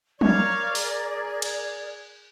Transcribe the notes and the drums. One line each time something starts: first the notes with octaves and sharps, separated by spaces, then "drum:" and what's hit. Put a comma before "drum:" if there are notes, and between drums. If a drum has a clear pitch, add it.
A#4 C#5 D5 F5, drum: tom F3
G#4, drum: open hi-hat
drum: cymbal